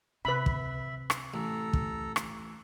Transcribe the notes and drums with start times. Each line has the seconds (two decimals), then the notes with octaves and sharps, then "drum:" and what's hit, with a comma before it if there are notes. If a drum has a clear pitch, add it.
0.25 C3 B4 E5 B5
0.46 drum: kick
1.10 drum: rim click
1.34 A1 A4 A#5
1.73 drum: kick
2.16 drum: rim click